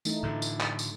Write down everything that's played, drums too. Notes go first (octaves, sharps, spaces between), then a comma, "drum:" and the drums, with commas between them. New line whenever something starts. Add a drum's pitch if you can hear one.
E3 A3 D#4, drum: tambourine
A2 D3
drum: tambourine
drum: clap
drum: tambourine